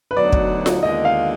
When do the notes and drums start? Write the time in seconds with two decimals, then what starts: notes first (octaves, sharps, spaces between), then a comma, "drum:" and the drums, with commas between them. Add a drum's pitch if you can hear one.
0.11 B4
0.15 D2 D3 F#3 B3 D#4 D5
0.33 drum: kick
0.66 drum: snare F4
0.82 D#2 D3 G#3 B3 F4 D#5
1.05 F5